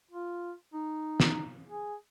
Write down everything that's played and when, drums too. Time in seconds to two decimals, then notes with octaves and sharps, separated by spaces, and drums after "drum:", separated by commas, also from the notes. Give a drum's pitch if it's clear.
0.11 F4
0.73 D#4
1.20 drum: snare
1.67 G#4